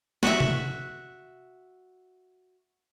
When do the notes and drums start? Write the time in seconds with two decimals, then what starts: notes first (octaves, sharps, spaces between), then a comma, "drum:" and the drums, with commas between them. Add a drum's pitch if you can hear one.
0.23 F#4 E5, drum: snare
0.40 drum: tom C3